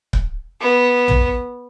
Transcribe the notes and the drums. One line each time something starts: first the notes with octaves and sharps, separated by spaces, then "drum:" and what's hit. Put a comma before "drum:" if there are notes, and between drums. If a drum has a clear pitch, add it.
drum: kick C#1
B3
drum: tom